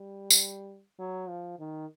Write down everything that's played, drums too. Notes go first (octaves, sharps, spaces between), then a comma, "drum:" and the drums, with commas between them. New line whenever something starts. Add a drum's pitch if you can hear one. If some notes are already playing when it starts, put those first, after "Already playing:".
Already playing: G3
drum: tambourine
F#3
F3
D#3